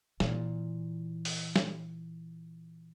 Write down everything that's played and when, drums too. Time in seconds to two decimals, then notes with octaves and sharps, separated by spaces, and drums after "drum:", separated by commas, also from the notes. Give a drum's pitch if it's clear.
0.20 A#2 E3, drum: snare
1.25 drum: open hi-hat
1.56 drum: snare